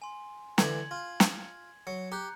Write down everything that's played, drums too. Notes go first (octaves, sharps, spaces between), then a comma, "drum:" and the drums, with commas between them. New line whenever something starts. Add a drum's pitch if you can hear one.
G#5 C6
D3 E3 D4 G#6 F#7, drum: snare
F4
drum: snare
F#3 C#7
G4 A#5 F#6 G6